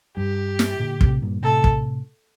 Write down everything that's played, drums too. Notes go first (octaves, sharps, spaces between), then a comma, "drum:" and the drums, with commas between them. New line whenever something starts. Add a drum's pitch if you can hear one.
G2 G4
drum: snare
A#2 D3
A2 C3, drum: kick
G2 A#2
A2 C3 A4
drum: kick